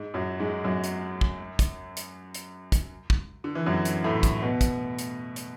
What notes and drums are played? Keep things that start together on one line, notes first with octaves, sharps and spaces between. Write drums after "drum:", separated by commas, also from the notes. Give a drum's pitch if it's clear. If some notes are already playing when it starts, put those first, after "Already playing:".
Already playing: G#2
F#2 F#3
G#2 G#3
F#2 F#3
drum: hi-hat
drum: kick
drum: kick, hi-hat
drum: hi-hat
drum: hi-hat
drum: kick, hi-hat
drum: kick
D3
E3
F#2 F#3
drum: hi-hat
A2 A3
drum: kick, hi-hat
B2 B3
drum: kick, hi-hat
drum: hi-hat
drum: hi-hat